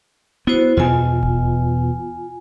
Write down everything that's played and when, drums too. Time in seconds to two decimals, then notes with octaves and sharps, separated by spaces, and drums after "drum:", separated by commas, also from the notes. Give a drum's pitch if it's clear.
0.47 B3 E4 F#4 C5
0.77 E2 B2 F4 G#5
1.23 drum: kick D#1